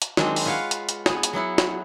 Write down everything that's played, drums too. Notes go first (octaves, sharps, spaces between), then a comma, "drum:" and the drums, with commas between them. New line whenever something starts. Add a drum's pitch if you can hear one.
drum: hi-hat
D#3 F#3 G#3 C4 D4 C5, drum: snare
drum: open hi-hat
F4 B4 C#5 F5 F#5
drum: hi-hat
drum: hi-hat
B3 G#4, drum: snare
drum: hi-hat
F#3 B3 E4 F#5
drum: snare